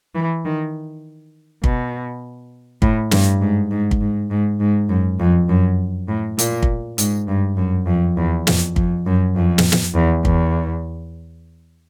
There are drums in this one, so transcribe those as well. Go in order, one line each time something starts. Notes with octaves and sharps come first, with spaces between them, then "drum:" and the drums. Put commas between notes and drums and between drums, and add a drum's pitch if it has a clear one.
E3
D#3
B2, drum: kick
A2, drum: kick
G2, drum: snare
G#2
G#2
drum: kick
G#2
G#2
G#2
F#2
F2
F#2
A2
A#2, drum: hi-hat
drum: kick
G#2, drum: hi-hat
G2
F#2
F2
E2
F2, drum: snare
F2, drum: kick
F#2
F2
drum: snare
drum: snare
E2
E2, drum: kick